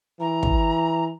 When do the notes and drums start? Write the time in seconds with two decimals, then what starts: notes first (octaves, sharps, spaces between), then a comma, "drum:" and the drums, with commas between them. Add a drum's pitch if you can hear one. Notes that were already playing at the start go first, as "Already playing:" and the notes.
0.20 E3 A#5
0.43 drum: kick